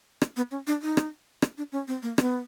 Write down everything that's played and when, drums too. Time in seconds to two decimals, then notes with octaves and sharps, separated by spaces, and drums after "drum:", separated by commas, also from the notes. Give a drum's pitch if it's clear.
0.22 drum: rim click
0.37 B3
0.51 C#4
0.67 D4
0.82 D#4
0.97 drum: rim click
1.42 drum: rim click
1.58 D4
1.72 C#4
1.88 C4
2.03 A#3
2.18 B3, drum: rim click